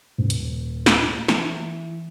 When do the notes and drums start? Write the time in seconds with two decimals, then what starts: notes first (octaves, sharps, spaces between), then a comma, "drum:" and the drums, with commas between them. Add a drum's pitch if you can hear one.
0.18 D#1
0.30 drum: hi-hat
0.86 drum: snare
1.28 E3, drum: snare